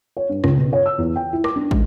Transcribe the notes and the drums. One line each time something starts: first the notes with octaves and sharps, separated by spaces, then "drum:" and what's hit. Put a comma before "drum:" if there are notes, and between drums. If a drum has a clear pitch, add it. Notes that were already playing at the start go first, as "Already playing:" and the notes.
C#5
G2
C#2, drum: rim click
B2
C#5
E6
E2
G5
E4
D6, drum: rim click
D4
G#3, drum: kick